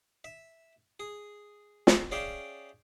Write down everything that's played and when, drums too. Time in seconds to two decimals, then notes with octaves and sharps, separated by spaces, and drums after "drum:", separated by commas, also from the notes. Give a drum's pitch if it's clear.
0.24 E5
1.00 G#4
1.87 drum: snare
2.11 C#4 G#4 D5 E5 F5 G5